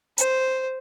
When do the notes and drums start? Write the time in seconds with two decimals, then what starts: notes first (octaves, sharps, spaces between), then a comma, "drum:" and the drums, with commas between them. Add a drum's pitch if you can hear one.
0.18 C5, drum: hi-hat